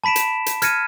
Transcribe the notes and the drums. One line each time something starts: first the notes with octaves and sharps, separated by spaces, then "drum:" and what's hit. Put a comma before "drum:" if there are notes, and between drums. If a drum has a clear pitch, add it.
A5 B5 B6 D7 E7
drum: hi-hat
drum: hi-hat
F6 G#6 A#6 C#7 D#7, drum: hi-hat